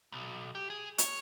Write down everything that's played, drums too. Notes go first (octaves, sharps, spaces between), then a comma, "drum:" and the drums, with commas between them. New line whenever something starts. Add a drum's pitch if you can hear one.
B1
G4
G#4
C#5, drum: hi-hat